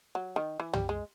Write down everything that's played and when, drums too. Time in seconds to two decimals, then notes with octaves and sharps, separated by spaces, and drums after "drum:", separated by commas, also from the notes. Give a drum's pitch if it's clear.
0.15 F#3
0.36 D#3
0.60 E3
0.73 G3, drum: tom
0.89 G#3